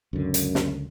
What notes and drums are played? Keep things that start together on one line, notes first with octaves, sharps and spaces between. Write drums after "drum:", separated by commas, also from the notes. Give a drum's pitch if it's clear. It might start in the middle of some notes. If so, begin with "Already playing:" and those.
C#2 F#2 D3
drum: hi-hat
drum: snare